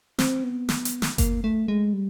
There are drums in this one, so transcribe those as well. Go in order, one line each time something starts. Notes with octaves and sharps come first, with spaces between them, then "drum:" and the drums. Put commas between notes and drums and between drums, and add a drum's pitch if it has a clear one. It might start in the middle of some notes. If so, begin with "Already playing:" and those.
C4, drum: snare
B3
drum: snare
drum: hi-hat
drum: snare
A#3, drum: kick G1, hi-hat
A3
G#3
G3